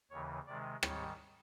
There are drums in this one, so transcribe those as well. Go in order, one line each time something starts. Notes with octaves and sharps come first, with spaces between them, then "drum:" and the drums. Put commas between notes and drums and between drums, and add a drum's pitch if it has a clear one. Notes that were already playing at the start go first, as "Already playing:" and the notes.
D#2 C#3 E3 C#5
C3 D#3 G#3 D5
G#2 D#3 G3 C#5, drum: rim click